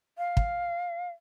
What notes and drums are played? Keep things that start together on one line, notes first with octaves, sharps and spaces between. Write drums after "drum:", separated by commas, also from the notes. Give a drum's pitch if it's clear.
F5
drum: kick